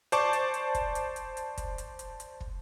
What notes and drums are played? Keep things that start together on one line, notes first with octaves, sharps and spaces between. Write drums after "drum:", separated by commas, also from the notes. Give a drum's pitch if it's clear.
C5 D5 A5 C#6 D6, drum: hi-hat
drum: hi-hat
drum: hi-hat
drum: kick, hi-hat
drum: hi-hat
drum: hi-hat
drum: hi-hat
drum: kick, hi-hat
drum: hi-hat
drum: hi-hat
drum: hi-hat
drum: kick